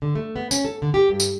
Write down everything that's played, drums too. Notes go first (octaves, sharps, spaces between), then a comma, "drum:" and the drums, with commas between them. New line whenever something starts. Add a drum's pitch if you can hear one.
D3
A3
B3
C#4, drum: tambourine
A4
D3
G4
G2
drum: tambourine